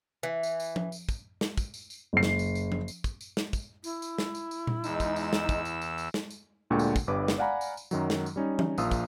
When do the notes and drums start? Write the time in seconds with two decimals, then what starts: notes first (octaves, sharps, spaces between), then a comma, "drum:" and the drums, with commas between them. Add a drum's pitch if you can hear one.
0.23 E3
0.43 drum: tambourine
0.60 drum: tambourine
0.76 drum: tom F3
0.92 drum: tambourine
1.09 drum: kick, tambourine
1.41 drum: snare
1.57 drum: kick, tambourine
1.74 drum: tambourine
1.90 drum: tambourine
2.13 F#1 C7
2.23 drum: snare
2.39 drum: tambourine
2.55 drum: tambourine
2.72 drum: tom F3
2.88 drum: tambourine
3.04 drum: kick, tambourine
3.21 drum: tambourine
3.37 drum: snare
3.53 drum: kick, tambourine
3.84 E4, drum: tambourine
4.02 drum: tambourine
4.18 drum: snare
4.35 drum: tambourine
4.51 drum: tambourine
4.67 drum: tom A#2
4.84 E2 G#3 D#4 E6, drum: tambourine
5.00 drum: kick, tambourine
5.16 drum: tambourine
5.33 drum: snare
5.49 drum: kick, tambourine
5.65 drum: tambourine
5.82 drum: tambourine
5.98 drum: tambourine
6.14 drum: snare
6.31 drum: tambourine
6.70 D2 A#2 D3 G#3 G5 C#6
6.79 drum: tambourine
6.96 drum: kick, tambourine
7.07 G1 G2 B4 D6
7.28 drum: snare
7.38 D5 F5 F#5 G#5 A#5 B5
7.61 drum: tambourine
7.77 drum: tambourine
7.91 F#2 D#3 F#3, drum: tambourine
8.10 drum: snare
8.26 drum: tambourine
8.36 G3 C#4 D#4
8.59 drum: tom E3
8.78 A#1 F3 A#3 F4 D#6 E6, drum: tambourine
8.91 drum: kick, tambourine